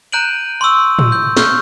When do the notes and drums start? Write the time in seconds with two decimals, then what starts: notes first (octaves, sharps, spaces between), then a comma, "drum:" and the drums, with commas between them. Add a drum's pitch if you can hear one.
0.12 A#5 F#6 G6 D7 D#7 F#7
0.61 C6 C#6 E6
0.99 drum: tom A2
1.12 G6
1.37 C#6 F6 G6, drum: snare